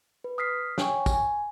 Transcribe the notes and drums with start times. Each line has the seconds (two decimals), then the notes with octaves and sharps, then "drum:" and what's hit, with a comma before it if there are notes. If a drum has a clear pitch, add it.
0.24 B4
0.38 D#6 F6 B6 C7
0.78 C#5 G5 G#5 C#6, drum: snare
1.06 G#5, drum: kick, tambourine